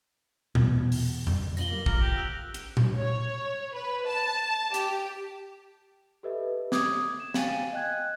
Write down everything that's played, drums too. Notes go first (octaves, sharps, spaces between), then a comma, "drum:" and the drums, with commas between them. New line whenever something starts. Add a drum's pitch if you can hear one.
E2 B2, drum: tom A#2
drum: open hi-hat
drum: tom F2
B2 D4 F4 A#6 F#7 G7, drum: tambourine
G3 A#3
D2 F4 A#4 D6 A#6, drum: kick
G4
E6 F#6 F7
drum: hi-hat
drum: tom A#2
C#5
B4
A5
G4, drum: hi-hat
G4 A4 B4 D#5 E5
D6 D#6 G#6, drum: snare
E7
F5 G5 G#5 A6 D#7, drum: snare
D#5 G5 F#6 G#6